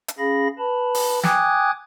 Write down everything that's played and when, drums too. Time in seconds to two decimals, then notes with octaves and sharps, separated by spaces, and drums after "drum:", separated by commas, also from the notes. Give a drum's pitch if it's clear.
0.08 drum: hi-hat
0.18 C#4 G#4 F5 B5 A#6
0.58 B4 A5 B5
0.94 drum: open hi-hat
1.23 G5 G#5 D6 D#6 F#6 G#6, drum: snare